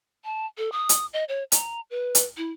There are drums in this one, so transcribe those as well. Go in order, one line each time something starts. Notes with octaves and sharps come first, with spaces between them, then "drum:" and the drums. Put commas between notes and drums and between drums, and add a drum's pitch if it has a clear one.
A5
A4
D#6
drum: hi-hat
D#5
C#5
A#5, drum: hi-hat
B4
drum: hi-hat
E4